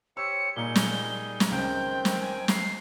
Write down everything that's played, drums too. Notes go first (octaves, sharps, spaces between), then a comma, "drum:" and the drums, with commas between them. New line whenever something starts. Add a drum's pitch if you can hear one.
G4 C5 C#5 E6 C#7
A#2 G3 D#4 G#4 G7
drum: snare
drum: snare
C#2 D#3 C4 G5 G6
drum: snare
G#5
C7, drum: snare